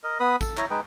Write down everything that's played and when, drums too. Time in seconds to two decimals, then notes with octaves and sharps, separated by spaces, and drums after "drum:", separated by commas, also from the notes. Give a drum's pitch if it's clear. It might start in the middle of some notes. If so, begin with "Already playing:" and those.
0.03 A#4 D#5
0.20 B3 B4 B5 D#6
0.41 A4, drum: kick, tambourine
0.57 E4 C#5 A#5, drum: clap
0.70 G#3 D#4 B4 G5